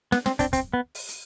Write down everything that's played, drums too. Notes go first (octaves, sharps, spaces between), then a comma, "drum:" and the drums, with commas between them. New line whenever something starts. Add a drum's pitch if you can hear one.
B3, drum: snare
C4, drum: snare
C4 D4, drum: kick, hi-hat
C4, drum: kick, hi-hat
B3
drum: open hi-hat
drum: hi-hat